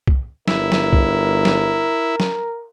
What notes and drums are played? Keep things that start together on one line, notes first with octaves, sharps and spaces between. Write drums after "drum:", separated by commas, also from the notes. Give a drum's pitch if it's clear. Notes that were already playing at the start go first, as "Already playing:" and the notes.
drum: kick
G1 E4 A#4, drum: snare
drum: snare
drum: kick
drum: snare
drum: snare